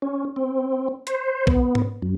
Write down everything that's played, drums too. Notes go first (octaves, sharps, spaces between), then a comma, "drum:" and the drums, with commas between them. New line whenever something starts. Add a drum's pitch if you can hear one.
C#4
C4
C5, drum: hi-hat
B3, drum: kick A#1
drum: tom G#2
F#2